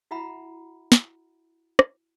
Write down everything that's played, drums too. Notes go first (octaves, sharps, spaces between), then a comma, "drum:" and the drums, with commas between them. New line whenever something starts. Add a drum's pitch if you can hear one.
E4 F#4 E5 F#5 A#5 B5
drum: snare
drum: rim click